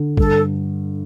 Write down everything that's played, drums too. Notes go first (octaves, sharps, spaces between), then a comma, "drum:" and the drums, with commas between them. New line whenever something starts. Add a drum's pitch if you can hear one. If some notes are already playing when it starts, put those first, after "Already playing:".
Already playing: D3
G2 A4, drum: kick